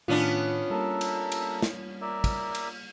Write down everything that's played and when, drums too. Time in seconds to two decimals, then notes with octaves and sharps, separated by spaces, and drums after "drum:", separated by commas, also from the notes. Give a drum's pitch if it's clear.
0.08 A2 D#3 B3 C#4 D4 F4 F6
0.70 G3 A#3 A4 A#4 E5
1.01 drum: cymbal
1.32 drum: cymbal
1.62 drum: snare
2.01 A#4 D5 E5
2.24 drum: kick, cymbal
2.55 drum: cymbal